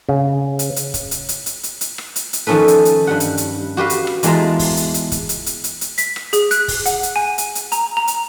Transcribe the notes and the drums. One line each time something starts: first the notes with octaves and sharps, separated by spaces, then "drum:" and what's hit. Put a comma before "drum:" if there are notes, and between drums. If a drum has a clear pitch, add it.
C#3
drum: hi-hat
drum: hi-hat
drum: kick, hi-hat
drum: hi-hat
drum: hi-hat
drum: hi-hat
drum: hi-hat
drum: hi-hat
drum: rim click
drum: hi-hat
drum: hi-hat
D#3 F3 C#4 A4 B4
drum: hi-hat
drum: hi-hat
G2 G3 F#5
drum: hi-hat
drum: hi-hat
F#4 G4 B4 F5
drum: hi-hat
drum: rim click
E2 G#3 F4 B4 A5 A#5, drum: hi-hat
drum: kick, open hi-hat
drum: hi-hat
drum: hi-hat
drum: kick, hi-hat
drum: hi-hat
drum: hi-hat
drum: hi-hat
drum: hi-hat
B6, drum: hi-hat
drum: rim click
G#4, drum: hi-hat
F#6, drum: hi-hat
drum: kick, open hi-hat
F#5, drum: hi-hat
drum: hi-hat
G#5
drum: hi-hat
drum: hi-hat
A#5, drum: hi-hat
A#5
drum: hi-hat